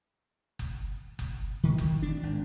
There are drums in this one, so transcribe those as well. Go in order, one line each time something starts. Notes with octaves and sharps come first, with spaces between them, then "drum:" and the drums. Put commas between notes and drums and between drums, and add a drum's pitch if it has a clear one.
drum: kick F#1
drum: kick F#1
D#3
drum: kick F#1
D4
G#1